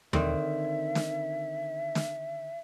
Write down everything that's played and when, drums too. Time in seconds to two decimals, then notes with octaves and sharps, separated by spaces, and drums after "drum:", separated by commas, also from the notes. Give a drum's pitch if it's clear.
0.13 D3 D#3 C4 E5, drum: tom D#2
0.95 drum: snare
1.95 drum: snare